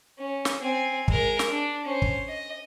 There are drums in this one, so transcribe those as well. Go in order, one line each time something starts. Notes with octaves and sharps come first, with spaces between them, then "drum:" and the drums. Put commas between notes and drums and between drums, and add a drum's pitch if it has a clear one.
C#4
drum: snare
C4 G#5
G#3 A#4, drum: kick
drum: snare
D4
C#4 C5
drum: kick
D#5